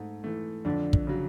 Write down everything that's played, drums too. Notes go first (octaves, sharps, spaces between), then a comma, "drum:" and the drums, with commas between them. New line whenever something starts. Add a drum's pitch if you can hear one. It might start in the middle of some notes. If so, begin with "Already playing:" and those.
Already playing: G#2 A3
E3 A3
F2 D3 D4
drum: kick
C#3 F#3